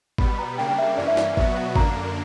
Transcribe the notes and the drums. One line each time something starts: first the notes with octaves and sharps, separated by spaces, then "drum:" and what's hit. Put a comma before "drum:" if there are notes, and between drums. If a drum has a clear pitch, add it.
B2 G3 B3 B5, drum: kick G#1
A#5
C#3 G3 A#3 D4 G5
G5
E5
G2 E3 A#3 C#4 D5
E5
D5, drum: snare
B2 F#3 B3 F#4 E5, drum: kick G#1
F#5
F#2 D3 A#3 D4 A#5, drum: kick G#1